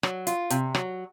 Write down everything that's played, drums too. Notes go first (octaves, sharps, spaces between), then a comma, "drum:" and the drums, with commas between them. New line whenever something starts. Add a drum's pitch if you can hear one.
F#3, drum: rim click
F4, drum: hi-hat
C3, drum: hi-hat
F#3, drum: rim click